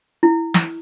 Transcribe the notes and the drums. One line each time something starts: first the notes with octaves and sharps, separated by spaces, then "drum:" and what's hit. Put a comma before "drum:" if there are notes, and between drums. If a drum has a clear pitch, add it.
E4
drum: snare